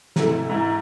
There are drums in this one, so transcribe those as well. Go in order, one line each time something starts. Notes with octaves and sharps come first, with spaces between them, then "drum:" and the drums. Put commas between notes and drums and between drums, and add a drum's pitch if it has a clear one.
G#2 C3 E3 A3 E4, drum: snare
G#2 E3 E4